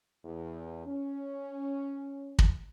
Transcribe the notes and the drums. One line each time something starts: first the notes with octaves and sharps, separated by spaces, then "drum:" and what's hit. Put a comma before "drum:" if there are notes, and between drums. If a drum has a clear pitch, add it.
E2
C#4
drum: kick